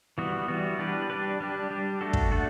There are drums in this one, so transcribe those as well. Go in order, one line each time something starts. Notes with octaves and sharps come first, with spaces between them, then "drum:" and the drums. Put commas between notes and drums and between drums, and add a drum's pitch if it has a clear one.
E3 G3 B3 F#4
E3 G3 B3 F#4
G3 D4 G4 B4
G3 D4 G4 B4
G3 D4 G4
G3 D4 G4
A3 D4 F#4 A4
drum: kick
A3 D4 F#4 A4